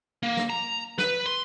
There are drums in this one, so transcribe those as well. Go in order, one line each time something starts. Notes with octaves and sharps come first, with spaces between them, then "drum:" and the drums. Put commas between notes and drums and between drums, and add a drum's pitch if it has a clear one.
A#3
drum: snare
A#5
B4, drum: snare
C6